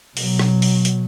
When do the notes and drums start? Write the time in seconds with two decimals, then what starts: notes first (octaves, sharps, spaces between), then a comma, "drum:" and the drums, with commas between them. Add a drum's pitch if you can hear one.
0.17 B2 F#3, drum: open hi-hat
0.39 drum: rim click
0.62 drum: open hi-hat
0.85 drum: hi-hat